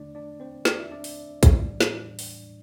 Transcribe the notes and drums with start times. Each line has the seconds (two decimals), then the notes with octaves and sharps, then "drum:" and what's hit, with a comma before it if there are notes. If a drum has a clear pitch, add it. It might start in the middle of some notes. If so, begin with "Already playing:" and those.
Already playing: E2 D3 A3 D4 D5
0.15 D4 D5
0.40 C4 C5
0.65 D5, drum: snare
0.79 E5
0.91 D4 D5
1.04 drum: open hi-hat
1.43 A2 E3 G3, drum: kick, hi-hat
1.81 drum: snare
2.19 drum: open hi-hat